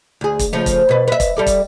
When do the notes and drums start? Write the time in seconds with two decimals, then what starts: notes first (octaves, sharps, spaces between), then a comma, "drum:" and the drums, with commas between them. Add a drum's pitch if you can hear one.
0.21 D2 G#4
0.39 drum: kick, hi-hat
0.53 C#3 F3 A3
0.66 drum: kick, hi-hat
0.89 B2 B4
1.08 B4 E5
1.20 drum: kick, hi-hat
1.37 G3 A4 D5
1.46 drum: kick, hi-hat